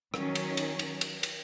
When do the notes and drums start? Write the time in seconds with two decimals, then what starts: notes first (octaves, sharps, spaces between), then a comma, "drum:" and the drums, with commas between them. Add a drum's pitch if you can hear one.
0.14 D#3 F#3 C#4, drum: rim click
0.35 drum: cymbal
0.57 drum: cymbal
0.79 drum: cymbal
1.01 drum: cymbal
1.23 drum: cymbal